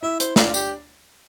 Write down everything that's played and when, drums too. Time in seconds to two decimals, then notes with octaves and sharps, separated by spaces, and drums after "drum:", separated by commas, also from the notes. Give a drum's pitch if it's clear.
0.03 E4 E5
0.20 C5, drum: hi-hat
0.36 D4 F4, drum: snare
0.54 G4, drum: tambourine